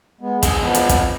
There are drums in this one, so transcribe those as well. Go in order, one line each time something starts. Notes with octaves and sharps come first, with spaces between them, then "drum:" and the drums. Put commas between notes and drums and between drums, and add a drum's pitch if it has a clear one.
G#3 B3
C4 D#4 G#4, drum: kick, hi-hat
F3 B3
drum: hi-hat
drum: kick, hi-hat